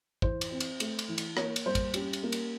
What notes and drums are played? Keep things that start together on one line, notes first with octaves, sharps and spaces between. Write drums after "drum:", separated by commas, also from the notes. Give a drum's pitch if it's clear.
E3 C5, drum: kick
drum: cymbal
C4
drum: cymbal
A3, drum: cymbal
drum: cymbal
E3
drum: cymbal
A#3 C#5, drum: rim click
drum: cymbal
G3 C5
drum: kick, cymbal
C#4 G4, drum: cymbal
drum: cymbal
A#3
drum: cymbal